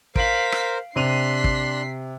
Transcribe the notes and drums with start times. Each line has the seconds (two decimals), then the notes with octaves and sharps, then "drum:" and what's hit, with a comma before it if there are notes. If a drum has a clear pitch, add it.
0.16 A#4 C5 F5 B6 D7 F#7, drum: kick
0.52 drum: rim click
0.96 C3 D4 C6 F#6 B6 C7 D#7 F7
1.44 drum: kick